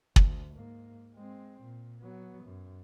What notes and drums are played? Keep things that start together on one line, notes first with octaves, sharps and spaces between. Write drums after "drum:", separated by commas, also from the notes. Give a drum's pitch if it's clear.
D2, drum: kick
G#2 A#3
G#3 C4
A#2
F#3 B3
F#2